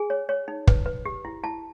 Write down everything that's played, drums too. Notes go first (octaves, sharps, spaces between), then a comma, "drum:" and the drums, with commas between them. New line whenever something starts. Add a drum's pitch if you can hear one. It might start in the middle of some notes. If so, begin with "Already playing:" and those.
Already playing: G#4 G#5
C#5
C#5
D#4
B4, drum: kick
B4
G4
E4
E4 A5